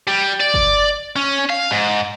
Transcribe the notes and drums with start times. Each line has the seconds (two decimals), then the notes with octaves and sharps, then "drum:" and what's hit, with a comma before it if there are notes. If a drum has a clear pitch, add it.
0.07 G3
0.40 D5
0.54 drum: kick
1.16 C#4
1.50 F5
1.71 G#2, drum: rim click